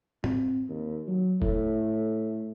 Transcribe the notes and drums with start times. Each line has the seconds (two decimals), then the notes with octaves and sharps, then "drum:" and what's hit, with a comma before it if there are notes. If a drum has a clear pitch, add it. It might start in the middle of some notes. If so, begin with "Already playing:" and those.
0.24 C4, drum: tom
0.70 D#2
1.08 F#3
1.42 A2, drum: kick